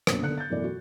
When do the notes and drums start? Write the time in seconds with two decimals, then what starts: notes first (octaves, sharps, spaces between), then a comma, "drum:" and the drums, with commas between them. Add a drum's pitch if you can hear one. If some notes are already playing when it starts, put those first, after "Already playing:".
0.07 A#1 F#2 B2, drum: rim click
0.22 D3 D#3 B3 F#6 C#7
0.38 G6 A6
0.50 F#2 B2 E3 A3 D5
0.64 F#4